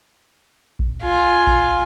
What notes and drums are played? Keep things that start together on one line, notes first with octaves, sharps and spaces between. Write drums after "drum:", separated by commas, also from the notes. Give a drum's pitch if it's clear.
drum: kick A#1
F4 G#5
drum: kick A#1